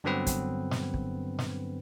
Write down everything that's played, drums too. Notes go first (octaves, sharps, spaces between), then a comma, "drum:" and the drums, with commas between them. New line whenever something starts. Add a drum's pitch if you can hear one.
G2 D3 F#3 B3 C4 B4
drum: kick, hi-hat
drum: snare
drum: kick
drum: snare